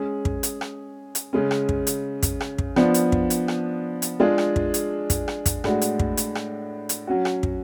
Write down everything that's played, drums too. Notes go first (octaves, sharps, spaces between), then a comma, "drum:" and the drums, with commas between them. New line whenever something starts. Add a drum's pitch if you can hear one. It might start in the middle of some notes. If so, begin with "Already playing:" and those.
Already playing: G#3 C#4 G#4
drum: kick
drum: hi-hat
drum: rim click
drum: hi-hat
C#3 G#3 C#4
drum: rim click
drum: kick
drum: hi-hat
drum: kick, hi-hat
drum: rim click
drum: kick
F3 B3 D4, drum: rim click
drum: hi-hat
drum: kick
drum: hi-hat
drum: rim click
drum: hi-hat
G#3 D4 F4 G#4
drum: rim click
drum: kick
drum: hi-hat
drum: kick, hi-hat
drum: rim click
drum: kick, hi-hat
A2 G#3 D4 F#4, drum: rim click
drum: hi-hat
drum: kick
drum: hi-hat
drum: rim click
drum: hi-hat
F#3 C#4 F#4
drum: rim click
drum: kick